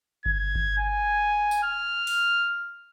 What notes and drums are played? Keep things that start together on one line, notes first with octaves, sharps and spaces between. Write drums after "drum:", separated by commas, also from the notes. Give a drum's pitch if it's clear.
G#6, drum: kick G1
drum: kick G1
G#5
drum: tambourine
F6
drum: open hi-hat